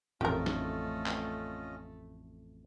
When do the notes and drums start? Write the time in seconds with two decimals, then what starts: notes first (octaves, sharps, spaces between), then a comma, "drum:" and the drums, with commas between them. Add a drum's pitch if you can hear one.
0.21 A1 F2 A3 C#4 F4 G4 A#4 D#5, drum: tom A#2
0.46 drum: snare
1.06 drum: clap